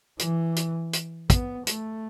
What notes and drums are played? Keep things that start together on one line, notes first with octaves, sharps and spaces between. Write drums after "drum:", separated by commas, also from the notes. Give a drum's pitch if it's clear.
E3, drum: hi-hat
drum: hi-hat
drum: hi-hat
B3, drum: kick, hi-hat
A3, drum: hi-hat